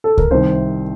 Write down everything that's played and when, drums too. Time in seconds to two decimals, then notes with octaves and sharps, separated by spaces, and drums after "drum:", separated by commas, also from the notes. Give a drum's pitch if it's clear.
0.04 A4
0.18 A#4, drum: kick C#2
0.31 C2 C3 D#3 C5